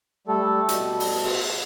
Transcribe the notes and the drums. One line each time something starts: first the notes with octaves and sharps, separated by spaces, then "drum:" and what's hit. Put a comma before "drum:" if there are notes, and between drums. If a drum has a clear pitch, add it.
G3 A3 A4
B2, drum: hi-hat
drum: open hi-hat
drum: cymbal